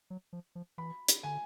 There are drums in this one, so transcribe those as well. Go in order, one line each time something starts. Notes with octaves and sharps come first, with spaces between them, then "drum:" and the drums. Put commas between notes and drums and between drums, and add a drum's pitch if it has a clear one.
F#3
F3
F3
E3 B5
drum: hi-hat
D3 G#5